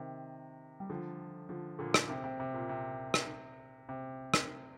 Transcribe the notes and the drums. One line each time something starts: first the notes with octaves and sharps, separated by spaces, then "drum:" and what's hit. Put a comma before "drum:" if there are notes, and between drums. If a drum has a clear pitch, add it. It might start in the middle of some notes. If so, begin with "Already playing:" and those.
Already playing: C3 D#3
G3
D3 F3
D3 F3
A#2 D3
drum: rim click
C3
C3
C3
A#2
C3
drum: rim click
C3
drum: rim click